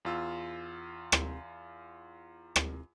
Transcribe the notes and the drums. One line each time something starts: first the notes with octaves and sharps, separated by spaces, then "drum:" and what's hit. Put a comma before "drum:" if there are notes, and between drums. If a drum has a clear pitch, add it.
E2 F4 E6
drum: rim click
drum: rim click